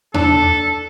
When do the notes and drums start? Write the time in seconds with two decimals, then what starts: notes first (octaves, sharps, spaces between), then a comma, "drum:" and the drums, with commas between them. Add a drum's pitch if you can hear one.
0.14 D4 A4 A5, drum: tom E2